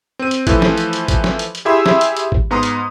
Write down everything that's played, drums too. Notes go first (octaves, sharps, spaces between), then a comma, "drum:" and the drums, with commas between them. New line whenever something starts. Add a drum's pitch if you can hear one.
C4 D#7
drum: hi-hat
E3 F3 A3, drum: kick G#1, hi-hat
drum: snare
drum: hi-hat
drum: hi-hat
drum: kick G#1, hi-hat
drum: snare
drum: hi-hat
drum: hi-hat
E4 G4 G#4 E5 B5 C6
drum: snare
drum: hi-hat
drum: hi-hat
drum: kick G#1
G#2 B3 A#5 C6 D#6
drum: hi-hat